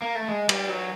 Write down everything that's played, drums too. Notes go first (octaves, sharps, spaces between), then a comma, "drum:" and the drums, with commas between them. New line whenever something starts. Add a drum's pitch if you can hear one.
A#3
A3
G#3
G3, drum: cymbal
F#3